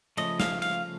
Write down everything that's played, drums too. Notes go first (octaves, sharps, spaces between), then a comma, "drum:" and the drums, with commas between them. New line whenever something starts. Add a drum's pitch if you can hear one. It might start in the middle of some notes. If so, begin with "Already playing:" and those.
C#3 F3 A3 D#5, drum: cymbal
F5, drum: snare
F5, drum: cymbal